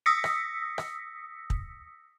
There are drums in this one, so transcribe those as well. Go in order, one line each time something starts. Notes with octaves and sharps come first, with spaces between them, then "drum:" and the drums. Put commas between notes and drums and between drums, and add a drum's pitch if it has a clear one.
D#6 E6 A#6 B6 C#7
drum: rim click
drum: rim click
drum: kick